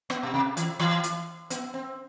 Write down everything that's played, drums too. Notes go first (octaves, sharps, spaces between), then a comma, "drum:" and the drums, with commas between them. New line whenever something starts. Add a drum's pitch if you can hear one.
B3, drum: rim click
B2
C3
E3, drum: hi-hat
E3, drum: rim click
drum: hi-hat
B3, drum: hi-hat
C4